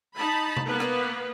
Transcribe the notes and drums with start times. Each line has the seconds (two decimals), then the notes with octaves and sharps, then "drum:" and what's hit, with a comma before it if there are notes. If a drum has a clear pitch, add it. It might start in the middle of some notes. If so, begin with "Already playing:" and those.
0.18 D#4 A5 B5
0.57 drum: tom C3
0.67 A#3 B3 B4
0.80 drum: rim click